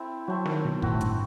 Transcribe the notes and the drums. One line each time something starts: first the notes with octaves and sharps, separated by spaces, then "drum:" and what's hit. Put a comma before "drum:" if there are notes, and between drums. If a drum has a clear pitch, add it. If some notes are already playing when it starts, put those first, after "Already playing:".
Already playing: C4 E4 A4 E5
F#3 A3 C4 F#4
D#3, drum: snare
B2
A2 A3 C4 F#4, drum: kick
G2, drum: hi-hat